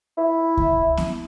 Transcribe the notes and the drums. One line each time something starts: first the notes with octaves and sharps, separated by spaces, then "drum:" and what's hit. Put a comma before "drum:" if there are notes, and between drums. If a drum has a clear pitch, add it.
E4
drum: kick C#2
drum: snare B3